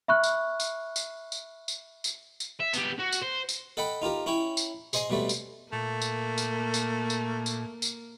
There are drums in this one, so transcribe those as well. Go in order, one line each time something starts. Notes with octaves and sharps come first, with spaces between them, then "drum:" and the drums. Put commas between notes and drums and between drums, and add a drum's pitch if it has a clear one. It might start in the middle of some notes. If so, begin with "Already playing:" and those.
E5 B5 C#6 F6 F#6
drum: tambourine
drum: tambourine
drum: tambourine
drum: tambourine
drum: tambourine
drum: tambourine
drum: tambourine
E5
B3 G4, drum: tambourine
F#4
drum: tambourine
C5
drum: tambourine
A4 D#5 F#5 G5 B5
D#4 F4 G4 A#4
C#4 E4 C#5 G5
drum: tambourine
G#4 C5 D#5 G#5 C6, drum: tambourine
B2 G3 A3 C4
drum: tambourine
A#2 A3 A#3
drum: tambourine
drum: tambourine
drum: tambourine
drum: tambourine
drum: tambourine
drum: tambourine